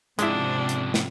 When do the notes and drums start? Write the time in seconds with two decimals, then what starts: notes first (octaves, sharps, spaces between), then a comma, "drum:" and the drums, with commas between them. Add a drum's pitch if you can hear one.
0.19 G#2 C3 F3 G#3 D4 E4, drum: hi-hat
0.69 drum: hi-hat
0.94 drum: snare